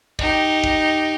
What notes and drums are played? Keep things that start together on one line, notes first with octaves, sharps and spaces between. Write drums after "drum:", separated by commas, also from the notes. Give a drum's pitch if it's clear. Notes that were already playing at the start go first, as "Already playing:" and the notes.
D#4 G4, drum: kick
drum: kick